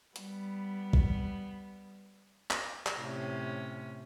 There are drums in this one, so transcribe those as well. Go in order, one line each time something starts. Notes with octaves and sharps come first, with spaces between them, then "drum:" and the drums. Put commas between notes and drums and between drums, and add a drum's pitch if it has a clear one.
G3 B3, drum: hi-hat
drum: kick
drum: clap
drum: clap
A2 C3 C#4